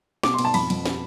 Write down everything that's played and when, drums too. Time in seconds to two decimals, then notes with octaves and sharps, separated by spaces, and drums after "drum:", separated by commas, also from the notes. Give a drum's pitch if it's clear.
0.23 B2 D6, drum: snare
0.34 C6
0.38 B2, drum: cymbal
0.45 A5
0.54 F2 B5, drum: cymbal
0.70 F2, drum: cymbal
0.85 drum: snare